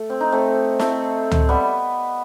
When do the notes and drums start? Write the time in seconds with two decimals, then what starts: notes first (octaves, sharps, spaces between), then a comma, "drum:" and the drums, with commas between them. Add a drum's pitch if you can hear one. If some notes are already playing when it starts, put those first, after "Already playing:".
Already playing: A3
0.10 C4
0.20 D#4
0.32 A3 C4
0.79 A3 C4, drum: snare
1.31 drum: tom C#2
1.49 G3 B3